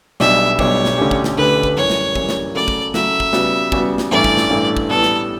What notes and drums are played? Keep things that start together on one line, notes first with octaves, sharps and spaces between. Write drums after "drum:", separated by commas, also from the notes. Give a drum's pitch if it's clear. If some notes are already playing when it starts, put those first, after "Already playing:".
B1 B2 G3 D4 G4 E5, drum: snare
B1 B2 G3 D4 G4 C#5, drum: kick
drum: snare
D2 D3 A3 C#4 G4
drum: kick
drum: snare
D2 D3 A3 C#4 G4 B4
drum: kick
F#2 E3 G3 C#5
drum: snare
F#2 E3 G3, drum: kick
drum: snare
C#3 F#3 A3 D5
drum: kick
C#3 F#3 A3 E5, drum: snare
drum: kick
C#3 G3 B3 F#4, drum: snare
C#3 G3 B3 F#4, drum: kick
drum: snare
A1 G2 E3 A3 D5
drum: kick
drum: snare
A1 G2 E3 A3
drum: kick
A2 E3 G3 B3 A4
drum: snare